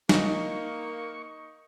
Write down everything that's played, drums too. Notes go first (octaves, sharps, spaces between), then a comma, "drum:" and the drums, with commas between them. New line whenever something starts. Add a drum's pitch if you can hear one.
A#3 D#4 C#6, drum: snare